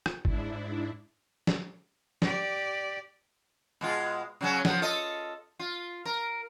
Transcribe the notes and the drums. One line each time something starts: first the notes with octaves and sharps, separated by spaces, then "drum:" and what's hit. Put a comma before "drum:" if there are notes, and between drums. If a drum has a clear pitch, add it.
drum: rim click
G#2 D4 E4, drum: kick G#1
drum: snare
G4 D5, drum: snare
B2 G#3 F4
C#3 F#3 C#4
F3 B3, drum: snare
F4 A4 D#5
F4
A#4